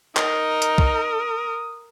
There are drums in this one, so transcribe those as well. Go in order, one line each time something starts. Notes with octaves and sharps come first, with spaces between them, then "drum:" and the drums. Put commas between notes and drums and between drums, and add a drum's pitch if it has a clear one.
D#4 A#4 D#6, drum: clap
drum: hi-hat
drum: kick